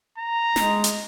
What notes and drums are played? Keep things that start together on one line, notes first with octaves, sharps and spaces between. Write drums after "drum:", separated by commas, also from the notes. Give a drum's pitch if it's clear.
A#5
G#3, drum: snare
drum: hi-hat